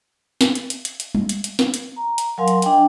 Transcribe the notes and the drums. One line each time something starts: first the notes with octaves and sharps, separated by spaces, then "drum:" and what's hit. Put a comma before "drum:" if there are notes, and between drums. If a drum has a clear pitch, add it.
drum: snare
drum: hi-hat
drum: hi-hat
drum: hi-hat
drum: hi-hat
drum: tom
drum: hi-hat
drum: hi-hat
drum: snare
drum: hi-hat
A#5
drum: hi-hat
F#3 A#4 F5 G#5 C6
drum: hi-hat
D4 D#5 G5 G#5, drum: hi-hat